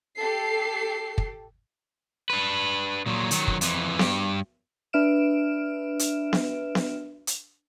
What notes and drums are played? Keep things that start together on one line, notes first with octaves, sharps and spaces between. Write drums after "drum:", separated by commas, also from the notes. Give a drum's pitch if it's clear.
G4 A4 C7
drum: kick
D4 B4
A#2 F#3
D#3 F#3, drum: hi-hat
drum: kick
F2 E3, drum: hi-hat
G2 G4, drum: snare B3
D4 B4 E5 F6 D7 E7
drum: hi-hat
drum: snare B3
drum: snare B3
drum: hi-hat